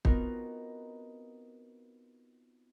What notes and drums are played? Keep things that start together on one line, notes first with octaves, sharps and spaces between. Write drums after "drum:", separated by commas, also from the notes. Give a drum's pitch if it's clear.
B3 C4 D#4 F4 F#4 A#4, drum: kick